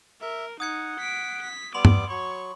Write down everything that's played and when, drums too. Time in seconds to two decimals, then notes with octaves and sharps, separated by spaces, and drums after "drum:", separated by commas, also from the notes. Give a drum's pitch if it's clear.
0.22 A#4 E5
0.60 D#4 F#5 D#6 G#6 C#7
1.00 B6 D7
1.42 B6
1.74 G3 B3 B5 C6 D6 F#7
1.85 drum: tom G2
2.10 F#3 C#5 C#6